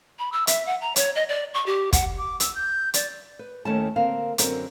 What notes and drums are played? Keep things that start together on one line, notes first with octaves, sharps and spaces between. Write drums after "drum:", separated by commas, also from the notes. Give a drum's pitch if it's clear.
B5
E6
E5, drum: hi-hat
F#5
A#5
C#5, drum: hi-hat
D#5
D5
C#6
G4
F#5, drum: kick, hi-hat
D6
E6, drum: hi-hat
G6
D5, drum: hi-hat
B4
D#2 D#3 A3 C#4 E4 A5
D3 A#3 C4 A#4 F5
F#2 D3 C4 F#4 A#4, drum: hi-hat